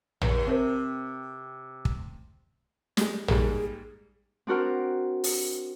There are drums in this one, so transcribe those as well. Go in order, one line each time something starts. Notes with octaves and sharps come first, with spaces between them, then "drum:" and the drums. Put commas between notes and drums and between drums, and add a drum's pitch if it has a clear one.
D#2, drum: tom
C3 C4 A#4 C5
drum: kick
G3 G#3, drum: snare
G#2 G3 A#3 G#4, drum: tom
C4 D4 F#4 A#4 C5
drum: open hi-hat